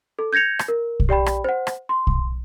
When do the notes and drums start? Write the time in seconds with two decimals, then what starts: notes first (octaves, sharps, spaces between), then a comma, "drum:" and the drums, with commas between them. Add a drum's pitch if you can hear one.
0.19 A4
0.33 G6 G#6 A#6 C#7 F7
0.59 drum: rim click
0.68 A#4
1.00 drum: kick
1.09 G4 D5 G5 B5
1.26 drum: rim click
1.44 C5 F#5
1.67 drum: rim click
1.89 C6
2.07 drum: kick